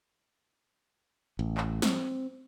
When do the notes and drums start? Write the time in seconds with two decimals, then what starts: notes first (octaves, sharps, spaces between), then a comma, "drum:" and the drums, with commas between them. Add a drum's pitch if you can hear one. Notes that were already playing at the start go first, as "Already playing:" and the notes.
1.39 A1
1.57 drum: clap
1.82 C4, drum: snare